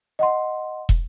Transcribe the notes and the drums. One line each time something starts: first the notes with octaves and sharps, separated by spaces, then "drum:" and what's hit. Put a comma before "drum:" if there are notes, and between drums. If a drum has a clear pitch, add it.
D#5 F#5 C6
drum: kick